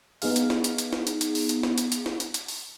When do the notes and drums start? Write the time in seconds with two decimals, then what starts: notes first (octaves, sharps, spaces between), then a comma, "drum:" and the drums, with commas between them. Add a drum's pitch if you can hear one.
0.22 B3 D#4 G#4 F5, drum: open hi-hat
0.36 drum: hi-hat
0.50 drum: snare
0.64 drum: hi-hat
0.78 drum: hi-hat
0.93 drum: snare
1.07 drum: hi-hat
1.21 drum: hi-hat
1.35 drum: open hi-hat
1.49 drum: hi-hat
1.63 drum: snare
1.78 drum: hi-hat
1.92 drum: hi-hat
2.06 drum: snare
2.20 drum: hi-hat
2.34 drum: hi-hat
2.48 drum: open hi-hat